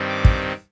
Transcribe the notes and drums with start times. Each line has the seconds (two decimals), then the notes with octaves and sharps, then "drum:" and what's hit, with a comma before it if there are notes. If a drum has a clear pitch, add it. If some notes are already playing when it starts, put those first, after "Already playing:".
Already playing: G2 D#3 G3 C4
0.10 D6
0.25 drum: kick